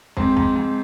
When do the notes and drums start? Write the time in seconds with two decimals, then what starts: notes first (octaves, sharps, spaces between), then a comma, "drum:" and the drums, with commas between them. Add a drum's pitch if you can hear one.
0.17 G#2 C4, drum: kick
0.37 G#2, drum: kick
0.56 G#2